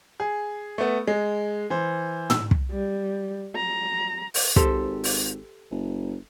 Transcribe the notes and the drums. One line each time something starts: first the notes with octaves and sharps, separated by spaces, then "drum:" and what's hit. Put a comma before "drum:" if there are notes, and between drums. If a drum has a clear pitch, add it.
G#4
A3 B3
G#3
E3 C5
E6, drum: tom
drum: kick
G3
A#5
drum: open hi-hat
G#1 G4 A4 C5, drum: kick
drum: open hi-hat
F#1